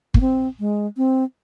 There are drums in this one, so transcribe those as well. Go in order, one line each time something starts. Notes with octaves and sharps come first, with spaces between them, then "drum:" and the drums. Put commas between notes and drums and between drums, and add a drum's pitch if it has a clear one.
A#3, drum: kick
C4
G#3
C4